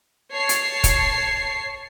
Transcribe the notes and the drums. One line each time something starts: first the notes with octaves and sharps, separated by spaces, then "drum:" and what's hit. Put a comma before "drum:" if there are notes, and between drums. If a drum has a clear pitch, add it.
C#5 A5 C7
drum: hi-hat
drum: kick, hi-hat